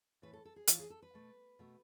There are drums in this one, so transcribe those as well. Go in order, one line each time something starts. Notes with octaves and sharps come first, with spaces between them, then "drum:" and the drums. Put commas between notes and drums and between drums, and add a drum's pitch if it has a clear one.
A2 E3 A3 B4
A4
A4
G#4
A2 E3 A3 F4, drum: hi-hat
G#4
A4
B4
B2 A3
B2 A3